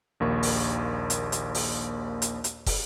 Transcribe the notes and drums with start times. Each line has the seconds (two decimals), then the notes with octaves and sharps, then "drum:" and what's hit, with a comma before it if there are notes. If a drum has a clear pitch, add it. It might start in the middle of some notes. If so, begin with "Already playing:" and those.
0.20 A#1 D#2 A#3 C#6
0.43 drum: open hi-hat
1.10 drum: hi-hat
1.32 drum: hi-hat
1.55 drum: open hi-hat
2.22 drum: hi-hat
2.44 drum: hi-hat
2.66 drum: kick, open hi-hat